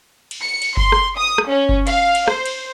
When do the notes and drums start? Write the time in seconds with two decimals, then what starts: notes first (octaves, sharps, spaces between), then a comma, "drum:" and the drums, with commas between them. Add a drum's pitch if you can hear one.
0.31 drum: cymbal
0.41 C#7
0.62 drum: cymbal
0.77 C6, drum: kick F#1
0.92 drum: rim click
1.17 D#6
1.38 drum: rim click
1.49 C#4
1.69 drum: kick F#1
1.87 F5, drum: cymbal
2.15 drum: cymbal
2.28 C5, drum: rim click
2.46 drum: cymbal